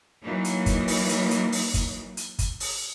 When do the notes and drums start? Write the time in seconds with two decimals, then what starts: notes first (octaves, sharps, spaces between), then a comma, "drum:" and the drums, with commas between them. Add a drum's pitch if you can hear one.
0.23 E3 F#3 A#3 D#4
0.44 drum: hi-hat
0.66 drum: kick, hi-hat
0.88 drum: open hi-hat
1.09 drum: hi-hat
1.31 drum: hi-hat
1.52 drum: open hi-hat
1.74 drum: kick, hi-hat
2.17 drum: hi-hat
2.39 drum: kick, hi-hat
2.60 drum: open hi-hat